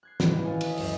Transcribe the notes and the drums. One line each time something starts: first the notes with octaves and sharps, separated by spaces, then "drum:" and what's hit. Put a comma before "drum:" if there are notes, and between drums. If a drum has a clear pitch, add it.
F#6 G#6 C7
A2 C3 D#3 E3 G3, drum: snare
G1 G2 C#4 G#4 F5
F#4 A4 C#5 F5 G#5
D#5 E5 C#6, drum: cymbal
C#2 F#2 C#3, drum: open hi-hat